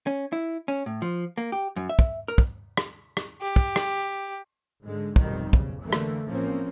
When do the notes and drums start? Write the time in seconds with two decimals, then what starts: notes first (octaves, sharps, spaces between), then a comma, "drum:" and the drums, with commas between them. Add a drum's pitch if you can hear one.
0.07 C#4
0.33 E4
0.68 C#4
0.86 A2
1.02 F3
1.38 A#3
1.52 G4
1.76 F#2
1.89 E5
1.99 drum: kick
2.28 A#4
2.38 drum: kick
2.77 drum: rim click
3.17 drum: rim click
3.41 G4
3.56 drum: kick
3.76 drum: rim click
4.82 G#2 D3 G#3
5.16 F1 B1 F2 D#3 G3, drum: kick
5.53 B1 C#3, drum: kick
5.83 D3 E3 A3 A#3
5.93 drum: rim click
6.26 A1 F3 A#3 C4 C#4